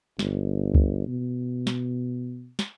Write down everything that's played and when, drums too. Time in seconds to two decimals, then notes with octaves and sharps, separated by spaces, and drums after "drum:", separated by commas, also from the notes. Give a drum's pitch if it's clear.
0.19 G1, drum: snare
0.75 drum: kick C#2
1.07 B2
1.67 drum: snare
2.59 drum: snare